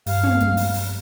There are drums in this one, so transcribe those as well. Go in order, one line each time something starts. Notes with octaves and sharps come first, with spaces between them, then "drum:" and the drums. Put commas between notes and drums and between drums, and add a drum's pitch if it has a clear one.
G2 F5, drum: open hi-hat
drum: tom
drum: kick, hi-hat
drum: open hi-hat
drum: open hi-hat